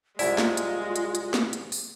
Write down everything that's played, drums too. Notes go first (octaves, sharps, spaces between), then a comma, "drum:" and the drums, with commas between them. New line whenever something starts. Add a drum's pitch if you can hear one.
C2 F#2 G#3 E4 F4 D5, drum: open hi-hat
drum: snare
drum: hi-hat
drum: hi-hat
drum: hi-hat
drum: snare
drum: hi-hat
drum: open hi-hat